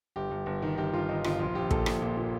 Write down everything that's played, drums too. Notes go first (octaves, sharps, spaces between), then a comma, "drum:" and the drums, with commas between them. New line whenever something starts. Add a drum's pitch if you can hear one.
G1 G4
G1
G1
D#3
G1 G4
G1 F4
G1 D#4
G1 F4, drum: rim click
A#1 F4
A#1 G4
A#2 A4, drum: kick
A#1, drum: rim click
A#2
A#2